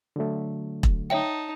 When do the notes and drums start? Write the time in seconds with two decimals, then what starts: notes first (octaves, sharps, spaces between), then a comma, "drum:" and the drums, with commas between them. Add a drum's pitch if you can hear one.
0.16 D3 F#3 A3
0.83 drum: kick E1
1.10 D#4 C#5 E5 G5 A5